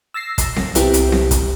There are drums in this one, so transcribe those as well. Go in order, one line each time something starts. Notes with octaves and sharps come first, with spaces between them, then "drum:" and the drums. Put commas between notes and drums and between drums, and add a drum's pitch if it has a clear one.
E6 A6 A#6 C7
drum: kick, hi-hat
drum: snare C4
C2 B3 C4 E4 G4, drum: hi-hat
drum: hi-hat
drum: snare C4
drum: kick, hi-hat